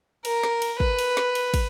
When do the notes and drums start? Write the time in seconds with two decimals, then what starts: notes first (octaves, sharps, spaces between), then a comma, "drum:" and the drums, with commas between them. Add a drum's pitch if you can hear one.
0.25 A#4, drum: cymbal
0.43 drum: snare
0.62 drum: cymbal
0.80 B4, drum: kick
0.99 drum: cymbal
1.17 drum: snare
1.35 drum: cymbal
1.54 drum: kick, cymbal